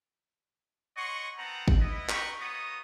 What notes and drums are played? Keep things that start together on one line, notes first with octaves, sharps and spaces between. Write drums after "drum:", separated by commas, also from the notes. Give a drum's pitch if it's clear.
C#5 D#5 F#5 C6 C#6
B3 C4 F#5 A5 A#5
drum: kick
B3 E4 D#5
A#4 B4 G5 A#5 B5 C#6, drum: clap
A#3 B3 F#4 C#5 D#5 D#6